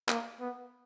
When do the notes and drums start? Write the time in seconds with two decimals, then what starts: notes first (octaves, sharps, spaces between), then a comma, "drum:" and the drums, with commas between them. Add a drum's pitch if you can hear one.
0.09 A#3, drum: clap
0.40 B3